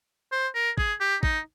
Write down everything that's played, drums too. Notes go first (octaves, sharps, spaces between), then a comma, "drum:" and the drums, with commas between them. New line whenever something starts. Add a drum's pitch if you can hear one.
C5
A#4
G#4, drum: kick
G4
D#4, drum: kick